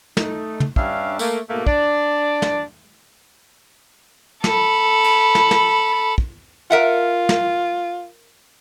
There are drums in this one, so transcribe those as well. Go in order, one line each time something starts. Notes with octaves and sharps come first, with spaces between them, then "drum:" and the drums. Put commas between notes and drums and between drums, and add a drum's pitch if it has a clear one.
A3 D#4, drum: snare
drum: tom
G2 G3 C#4 D4 E5 F5, drum: kick
A3 A#3, drum: tambourine
G#2 B2 A3 A#3
D4 D5, drum: kick
drum: snare
A4 B5, drum: snare
drum: cymbal
drum: snare
drum: snare
drum: kick
F4 A#4 E5 F#5
drum: snare